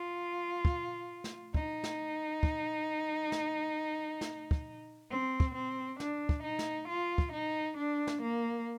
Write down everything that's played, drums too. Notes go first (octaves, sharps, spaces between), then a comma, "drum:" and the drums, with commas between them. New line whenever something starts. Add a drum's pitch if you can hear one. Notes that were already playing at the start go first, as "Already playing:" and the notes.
Already playing: F4
drum: kick
drum: snare
D#4, drum: kick
drum: snare
drum: kick
drum: snare
drum: snare
drum: kick
C4
drum: kick
C4
D4, drum: snare
drum: kick
D#4
drum: snare
F4
drum: kick
D#4
D4
drum: snare
A#3